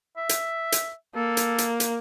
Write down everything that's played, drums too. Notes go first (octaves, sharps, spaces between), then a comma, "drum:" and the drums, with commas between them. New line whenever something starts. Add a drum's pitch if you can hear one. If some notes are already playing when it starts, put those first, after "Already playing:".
E5
drum: hi-hat
drum: hi-hat
A#3 A4
drum: hi-hat
drum: hi-hat
drum: hi-hat